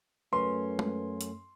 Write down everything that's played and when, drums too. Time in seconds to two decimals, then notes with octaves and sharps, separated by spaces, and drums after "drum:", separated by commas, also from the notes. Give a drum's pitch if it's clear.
0.33 F#2 A3 C#4 B4 C6
0.79 drum: tom G#3
1.21 drum: hi-hat